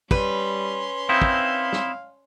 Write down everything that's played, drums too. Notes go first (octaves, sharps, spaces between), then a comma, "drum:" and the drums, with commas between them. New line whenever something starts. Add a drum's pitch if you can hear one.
G3 C#4 B4 C6, drum: kick
C4 D#4 E4 F5
drum: kick
drum: snare